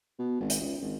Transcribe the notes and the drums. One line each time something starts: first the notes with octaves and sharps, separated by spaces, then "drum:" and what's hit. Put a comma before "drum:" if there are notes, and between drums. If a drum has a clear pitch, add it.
B2
G#1
drum: hi-hat
C#2
G#1